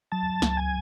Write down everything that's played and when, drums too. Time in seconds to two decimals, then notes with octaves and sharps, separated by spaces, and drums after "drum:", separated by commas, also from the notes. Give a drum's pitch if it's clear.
0.12 F#3 A5
0.42 C#2, drum: snare
0.57 G#5